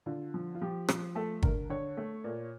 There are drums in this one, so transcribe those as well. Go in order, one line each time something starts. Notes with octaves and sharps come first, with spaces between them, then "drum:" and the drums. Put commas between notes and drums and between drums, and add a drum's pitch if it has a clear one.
D3 F4
F3
F4
F3 G4
F3, drum: rim click
A3 A4
D3 A#4, drum: kick
D3 C#5
A3
A#2